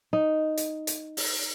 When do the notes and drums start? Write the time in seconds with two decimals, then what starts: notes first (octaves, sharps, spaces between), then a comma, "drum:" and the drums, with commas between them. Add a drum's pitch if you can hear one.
0.13 D#4
0.57 drum: hi-hat
0.87 drum: hi-hat
1.17 drum: open hi-hat